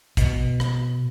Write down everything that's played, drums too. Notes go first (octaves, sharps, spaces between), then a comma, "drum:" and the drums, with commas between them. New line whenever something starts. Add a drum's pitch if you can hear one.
B2, drum: kick, hi-hat
drum: rim click